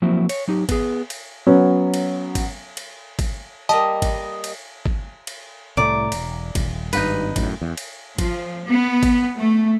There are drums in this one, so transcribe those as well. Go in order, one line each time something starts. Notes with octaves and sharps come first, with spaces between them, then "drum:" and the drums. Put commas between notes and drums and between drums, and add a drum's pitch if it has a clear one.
F3 F#3 A#3 C4 E4 F#4
C#5, drum: cymbal
F#3 D#4 G4
B3 G#4, drum: kick, cymbal
drum: cymbal
F#3 B3 C#4
drum: cymbal
drum: kick, cymbal
drum: cymbal
drum: kick, cymbal
G3 A#3 D#5 A5
drum: kick, cymbal
drum: cymbal
drum: kick
drum: cymbal
C2 A2 A3 D5 A#5
E1, drum: cymbal
D#1, drum: kick, cymbal
G#1 G2 D#4 F#4 B4, drum: cymbal
F#2 A2, drum: kick, cymbal
E2
drum: cymbal
F3, drum: kick, cymbal
B3
drum: kick, cymbal
A3